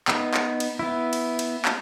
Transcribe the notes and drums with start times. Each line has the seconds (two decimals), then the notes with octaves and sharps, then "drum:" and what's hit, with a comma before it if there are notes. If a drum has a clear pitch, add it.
0.08 B3 D#4, drum: clap
0.34 drum: clap
0.60 drum: cymbal
0.79 B3 E4
1.13 drum: cymbal
1.39 drum: cymbal
1.65 drum: clap